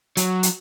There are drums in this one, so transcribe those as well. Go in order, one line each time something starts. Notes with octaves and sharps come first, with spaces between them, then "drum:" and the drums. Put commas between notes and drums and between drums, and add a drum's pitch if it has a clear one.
F#3, drum: hi-hat
drum: hi-hat